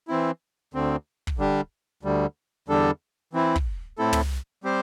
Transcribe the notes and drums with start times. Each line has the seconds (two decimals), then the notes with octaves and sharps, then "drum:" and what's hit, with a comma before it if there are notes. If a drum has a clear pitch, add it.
0.08 E3 C4 E4
0.74 D2 D3 C4
1.27 drum: kick
1.38 D3 G3 D4 G4
2.03 D2 D3 G3
2.68 E2 D3 G3 D4 A4
3.33 E3 C4 E4
3.56 drum: kick
3.98 A2 A3 C4 E4 A4
4.13 drum: tom
4.64 G3 C4 G4 C5